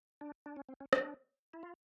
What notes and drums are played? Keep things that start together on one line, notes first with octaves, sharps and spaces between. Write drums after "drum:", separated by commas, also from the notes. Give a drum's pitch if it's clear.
D4
D4
C#4
C4
C#4
D4, drum: rim click
E4
F4